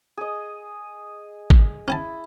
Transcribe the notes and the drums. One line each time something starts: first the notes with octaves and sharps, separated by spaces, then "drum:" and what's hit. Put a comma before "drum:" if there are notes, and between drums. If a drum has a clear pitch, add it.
G#4 D#5
drum: kick G#1
C#4 E4 G#5 A5